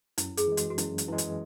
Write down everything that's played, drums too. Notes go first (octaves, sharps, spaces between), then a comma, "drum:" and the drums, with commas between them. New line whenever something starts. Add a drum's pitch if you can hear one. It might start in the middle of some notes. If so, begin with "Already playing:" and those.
F#2 E4, drum: hi-hat
G#4, drum: hi-hat
E3 G#3
F#4, drum: hi-hat
F#4
F#2 E4, drum: hi-hat
drum: hi-hat
E3 G#3 E4
drum: hi-hat